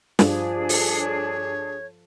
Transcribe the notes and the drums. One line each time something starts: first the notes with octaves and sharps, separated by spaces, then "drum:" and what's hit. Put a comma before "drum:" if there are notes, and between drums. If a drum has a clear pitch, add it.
G2 F3 D4 G#4, drum: snare
A4, drum: open hi-hat
C#5